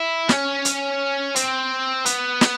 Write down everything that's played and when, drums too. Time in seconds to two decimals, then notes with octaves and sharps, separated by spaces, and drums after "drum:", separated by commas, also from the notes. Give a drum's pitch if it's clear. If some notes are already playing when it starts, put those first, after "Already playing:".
Already playing: E4
0.29 C#4, drum: snare
0.65 drum: hi-hat
1.36 C4, drum: hi-hat
2.06 B3, drum: hi-hat
2.41 drum: snare